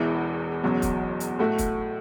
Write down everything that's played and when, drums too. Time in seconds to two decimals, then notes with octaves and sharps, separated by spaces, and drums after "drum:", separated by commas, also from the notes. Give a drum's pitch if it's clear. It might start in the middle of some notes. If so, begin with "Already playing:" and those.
Already playing: E1 E2 E3 B3 E4
0.63 F#1 E2 B2 F#3
0.82 drum: kick, hi-hat
1.20 drum: hi-hat
1.39 A2 A3 F#4
1.58 drum: kick, hi-hat